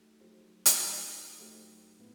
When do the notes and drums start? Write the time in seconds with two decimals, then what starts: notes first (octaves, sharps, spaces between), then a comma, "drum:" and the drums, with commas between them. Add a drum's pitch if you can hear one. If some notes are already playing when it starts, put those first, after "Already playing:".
Already playing: F#3 A3 D#4 G4
0.20 F#3 A3 D#4 G4 C5
0.66 drum: hi-hat
0.80 F#3 A3 D#4 G4 C5
1.40 F#3 A3 D#4 G4 C5
1.99 A2 B3